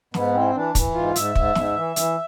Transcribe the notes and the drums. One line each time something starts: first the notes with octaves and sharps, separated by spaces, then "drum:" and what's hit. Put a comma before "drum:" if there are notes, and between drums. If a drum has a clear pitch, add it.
G#2 B3, drum: snare
E3 C4
E3 D4
E3, drum: kick, hi-hat
G#2 F4
G#2 E5, drum: hi-hat
G#2, drum: kick
G#2, drum: snare
E3
E3, drum: hi-hat